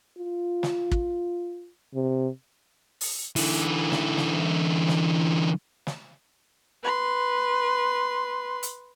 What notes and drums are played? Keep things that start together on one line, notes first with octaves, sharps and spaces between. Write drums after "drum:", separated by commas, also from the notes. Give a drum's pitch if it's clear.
F4
drum: snare
drum: kick
C3
drum: open hi-hat
D3 E3, drum: open hi-hat
drum: snare
drum: snare
drum: snare
drum: snare
B4 C6
drum: hi-hat